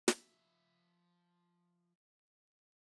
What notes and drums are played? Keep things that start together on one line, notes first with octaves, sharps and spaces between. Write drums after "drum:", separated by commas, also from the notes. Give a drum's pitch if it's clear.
F3 E5, drum: snare